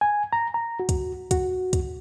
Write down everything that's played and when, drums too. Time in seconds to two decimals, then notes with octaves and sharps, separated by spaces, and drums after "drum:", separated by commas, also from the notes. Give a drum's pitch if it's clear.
0.01 G#5
0.33 A#5
0.54 A#5
0.80 F#4
0.89 drum: kick, hi-hat
1.31 F#4, drum: kick, hi-hat
1.73 drum: kick, hi-hat